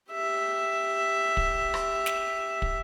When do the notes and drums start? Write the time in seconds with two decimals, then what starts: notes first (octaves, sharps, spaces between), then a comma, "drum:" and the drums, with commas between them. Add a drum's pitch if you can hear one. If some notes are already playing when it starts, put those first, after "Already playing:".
0.12 G4 E5
1.37 drum: kick
1.74 drum: rim click
2.06 drum: snare
2.62 drum: kick